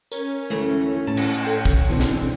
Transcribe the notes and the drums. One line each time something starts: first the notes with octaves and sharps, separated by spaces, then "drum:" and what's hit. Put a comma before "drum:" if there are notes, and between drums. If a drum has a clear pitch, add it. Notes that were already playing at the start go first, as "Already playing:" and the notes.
C#4 A#4, drum: tambourine
D2 E3 A3
A2 A5
drum: cymbal
A4 G5 C6
drum: kick
B2 D3 E3 C4
drum: snare